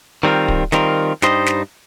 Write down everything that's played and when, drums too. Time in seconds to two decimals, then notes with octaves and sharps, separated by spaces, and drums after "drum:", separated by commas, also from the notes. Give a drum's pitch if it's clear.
0.23 D#3 G3 C4 F4 A#4
0.48 drum: kick D1
0.72 D#3 G3 C4 F4 A#4, drum: snare
1.22 G2 G3 D#4 C5 D#5, drum: snare
1.47 drum: snare